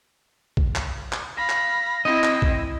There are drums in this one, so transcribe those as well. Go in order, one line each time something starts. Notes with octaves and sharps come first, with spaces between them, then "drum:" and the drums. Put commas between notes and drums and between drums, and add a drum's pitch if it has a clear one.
drum: kick
drum: clap
drum: clap
F5 B5 A#6
drum: clap
C4 E4 D#5
drum: clap
drum: kick